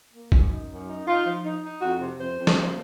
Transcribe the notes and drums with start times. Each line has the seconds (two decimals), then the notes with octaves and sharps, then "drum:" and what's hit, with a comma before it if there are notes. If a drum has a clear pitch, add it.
0.13 A#3
0.32 F#2, drum: kick A#1
0.51 D#4
0.70 F#2
0.88 D#4
1.07 D#4 F4
1.25 F3
1.44 D#4
1.63 D#4
1.82 F2 F#4
2.01 C3
2.19 F2 C5
2.38 F2
2.47 drum: snare
2.57 A#3